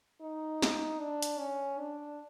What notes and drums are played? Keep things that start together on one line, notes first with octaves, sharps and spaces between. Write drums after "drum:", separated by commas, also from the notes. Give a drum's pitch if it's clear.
D#4
drum: snare
D4
drum: hi-hat
C#4
D4